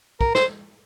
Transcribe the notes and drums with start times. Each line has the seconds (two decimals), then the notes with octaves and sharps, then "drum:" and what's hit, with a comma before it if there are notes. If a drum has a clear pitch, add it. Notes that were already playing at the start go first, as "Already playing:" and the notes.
0.21 A#4, drum: kick
0.35 C5, drum: snare